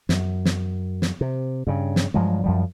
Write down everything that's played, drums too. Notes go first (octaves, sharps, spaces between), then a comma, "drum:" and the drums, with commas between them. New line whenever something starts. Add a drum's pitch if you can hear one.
F#2, drum: snare
drum: snare
drum: snare
C3
G2 C#3
drum: snare
G2 F3 F#3 G#3
F#2 F3 G3